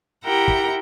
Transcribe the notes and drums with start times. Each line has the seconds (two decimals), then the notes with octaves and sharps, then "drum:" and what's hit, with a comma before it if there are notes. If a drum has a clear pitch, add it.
0.25 E4 G4 A#4 F#5 G5 A#5
0.48 drum: kick